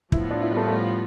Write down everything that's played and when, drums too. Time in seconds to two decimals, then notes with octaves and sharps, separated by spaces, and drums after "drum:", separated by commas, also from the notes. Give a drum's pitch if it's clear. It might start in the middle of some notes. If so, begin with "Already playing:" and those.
0.12 A2 F3 B3 E4 F4, drum: kick
0.30 D4
0.42 E4
0.51 G3
0.57 A3
0.67 A3
0.71 G3